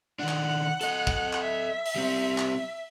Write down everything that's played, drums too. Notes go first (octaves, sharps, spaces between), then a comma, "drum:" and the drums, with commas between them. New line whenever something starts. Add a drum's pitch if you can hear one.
D#3 D4 F#5
drum: clap
A4 D#5, drum: hi-hat
drum: kick
drum: clap
E5
drum: open hi-hat
G3 C4
drum: clap